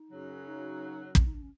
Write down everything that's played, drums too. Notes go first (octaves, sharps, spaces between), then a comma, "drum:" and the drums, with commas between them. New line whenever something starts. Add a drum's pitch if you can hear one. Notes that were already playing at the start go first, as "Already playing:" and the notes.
Already playing: D#4
F#2 C#3 F#3
D#4
C#4, drum: kick
D#4
D4
C#4